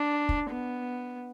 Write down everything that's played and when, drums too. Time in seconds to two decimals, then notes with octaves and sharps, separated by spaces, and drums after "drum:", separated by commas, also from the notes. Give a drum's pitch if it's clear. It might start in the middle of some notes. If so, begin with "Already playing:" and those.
Already playing: D4
0.29 drum: kick
0.50 B3